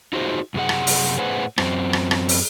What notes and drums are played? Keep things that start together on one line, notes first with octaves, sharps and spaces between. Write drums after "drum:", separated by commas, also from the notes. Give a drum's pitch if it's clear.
D#4 F4 F#4 G#4 C5
F#2 C3 G#4 F#5
drum: rim click
drum: open hi-hat
A2 G#4 B4 C5 F#5
F#2 C4, drum: rim click
drum: rim click
drum: rim click
drum: open hi-hat